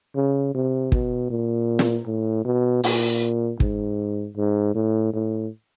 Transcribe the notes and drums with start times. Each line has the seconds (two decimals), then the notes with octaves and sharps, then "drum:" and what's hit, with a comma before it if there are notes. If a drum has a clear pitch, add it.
0.16 C#3
0.55 C3
0.92 B2, drum: kick
1.30 A#2
1.79 drum: snare
2.07 A2
2.45 B2
2.84 A#2, drum: open hi-hat
3.60 G#2, drum: kick
4.37 G#2
4.75 A2
5.14 A2